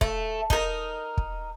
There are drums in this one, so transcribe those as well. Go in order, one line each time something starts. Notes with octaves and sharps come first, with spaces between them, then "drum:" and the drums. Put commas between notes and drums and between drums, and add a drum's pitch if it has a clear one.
A3, drum: kick
D#4 A#4, drum: kick
drum: kick